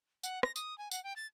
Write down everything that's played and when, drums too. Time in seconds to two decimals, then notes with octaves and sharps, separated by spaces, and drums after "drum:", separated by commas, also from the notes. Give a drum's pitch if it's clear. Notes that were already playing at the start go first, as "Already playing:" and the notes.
0.23 F#5, drum: tambourine
0.43 A#6, drum: rim click
0.56 D#6, drum: tambourine
0.78 G#5
0.91 F#5, drum: tambourine
1.04 G5
1.16 A6